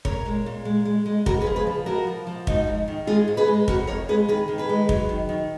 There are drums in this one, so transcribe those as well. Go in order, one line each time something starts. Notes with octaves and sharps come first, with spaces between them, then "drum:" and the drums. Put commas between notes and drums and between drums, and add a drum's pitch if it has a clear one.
A#2 A#4 C#5, drum: kick
G#3
A#2
G#3
G#3
G#3
C#3 F#4 A#4, drum: kick
G#4 B4
F3
G#4 B4
F3
F3 F#4 A#4
F3
F3
G#2 D#4 F#4, drum: kick
G#2
D#3
G#3 F4 G#4
G#2
G#4 B4
G#3
F2 F#4 A#4, drum: kick
F2 A#4 C#5
G#3 G#4 B4
D#3 G#4 B4
D#3
G#4 B4
G#3
F#3, drum: kick
D#3
D#3